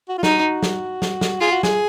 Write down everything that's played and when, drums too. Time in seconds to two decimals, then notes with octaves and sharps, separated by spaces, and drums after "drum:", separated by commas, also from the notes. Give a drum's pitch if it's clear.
0.09 F#4
0.18 F4
0.23 D#4 F#4, drum: snare
0.63 drum: snare
1.02 drum: snare
1.21 drum: snare
1.40 F4 G#4
1.52 F#4
1.63 G#4, drum: snare